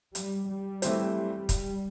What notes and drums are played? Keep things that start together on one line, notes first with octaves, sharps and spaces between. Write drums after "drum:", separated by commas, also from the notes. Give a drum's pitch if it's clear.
G3, drum: hi-hat
G3
E3 A3 C4 G4 C5, drum: hi-hat
G3
drum: kick, hi-hat